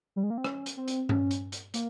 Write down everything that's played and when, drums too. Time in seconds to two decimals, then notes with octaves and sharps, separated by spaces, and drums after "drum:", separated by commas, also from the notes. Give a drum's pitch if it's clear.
0.16 G3
0.23 G#3
0.30 A#3
0.38 C4
0.44 C#4, drum: rim click
0.66 drum: hi-hat
0.77 C4
0.88 drum: hi-hat
1.09 C#4, drum: tom G2
1.31 drum: hi-hat
1.52 drum: hi-hat
1.74 A#3, drum: hi-hat